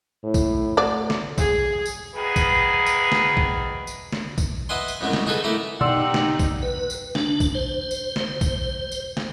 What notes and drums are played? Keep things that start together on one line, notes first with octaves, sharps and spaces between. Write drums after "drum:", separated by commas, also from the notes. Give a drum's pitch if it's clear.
A2
drum: kick A#1, tambourine
F#3 A3 C5 D5
drum: snare
G#4, drum: kick A#1, tambourine
drum: tambourine
D2 D#3 G#4 B4
drum: kick A#1, tambourine
drum: tambourine
drum: snare
drum: kick A#1
drum: tambourine
drum: snare
drum: kick A#1, tambourine
B4 D#5 E5 F#5 G#5 C6
drum: tambourine
C2 F#2 C#3 F#3 G#3
drum: snare
D#4 F#4 G#4 A4 B4
A3 A#3 E4 A#4
B2 D#4 G4 D5 F#5 C6 E6
drum: snare
drum: kick A#1, tambourine
B4
drum: tambourine
D4, drum: snare
drum: kick A#1, tambourine
C5
drum: tambourine
drum: snare
drum: kick A#1, tambourine
drum: tambourine
drum: snare